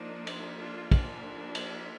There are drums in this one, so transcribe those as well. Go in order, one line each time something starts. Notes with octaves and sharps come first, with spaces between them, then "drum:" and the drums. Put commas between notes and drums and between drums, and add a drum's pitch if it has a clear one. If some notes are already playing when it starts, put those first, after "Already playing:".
Already playing: F3 A#3 D4 D#4
drum: cymbal
D4 F4
F3 A#3 D4, drum: kick, cymbal
drum: cymbal